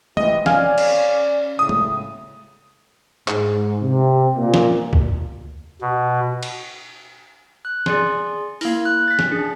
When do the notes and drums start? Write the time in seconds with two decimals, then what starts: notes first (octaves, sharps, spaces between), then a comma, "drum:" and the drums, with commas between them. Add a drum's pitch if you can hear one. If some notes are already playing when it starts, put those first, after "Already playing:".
0.17 E3 C4 G4 D#5, drum: tom
0.46 C#4 D5 F5 G#5 F6, drum: snare
0.78 drum: cymbal
1.59 A2 C#3 D#6
1.69 drum: tom
3.28 G#2, drum: clap
3.82 C3
4.37 A#2
4.54 drum: snare
4.93 drum: kick C#2
5.81 B2
6.43 drum: cymbal
7.65 F#6
7.86 G#4 D5 C6, drum: snare
8.61 A#3 E4, drum: open hi-hat
8.85 F#6
9.08 A6 B6
9.19 drum: snare
9.31 D4 G#4